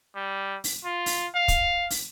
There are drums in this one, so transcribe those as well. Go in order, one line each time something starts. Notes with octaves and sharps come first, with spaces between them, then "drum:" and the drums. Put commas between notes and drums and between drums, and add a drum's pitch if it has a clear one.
G3
drum: open hi-hat
F4
drum: open hi-hat
F5
drum: kick, hi-hat
drum: open hi-hat